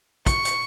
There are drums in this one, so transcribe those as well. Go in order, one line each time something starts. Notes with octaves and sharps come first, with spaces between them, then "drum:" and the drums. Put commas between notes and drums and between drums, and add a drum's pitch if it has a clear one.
C#6, drum: kick, hi-hat
drum: hi-hat